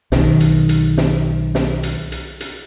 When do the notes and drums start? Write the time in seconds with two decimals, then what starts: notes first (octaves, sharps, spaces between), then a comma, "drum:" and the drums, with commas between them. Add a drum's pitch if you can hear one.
0.12 B1 D#3, drum: snare
0.40 drum: hi-hat
0.69 drum: hi-hat
0.98 drum: snare
1.55 drum: snare
1.83 drum: hi-hat
2.12 drum: hi-hat
2.40 drum: hi-hat